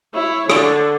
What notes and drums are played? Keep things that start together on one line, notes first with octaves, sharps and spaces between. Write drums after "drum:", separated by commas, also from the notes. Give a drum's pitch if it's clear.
E4 C#5
D3, drum: rim click